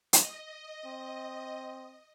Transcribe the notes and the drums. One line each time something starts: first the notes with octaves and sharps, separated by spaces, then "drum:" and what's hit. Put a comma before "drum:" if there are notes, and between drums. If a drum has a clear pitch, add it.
D#5, drum: hi-hat
C4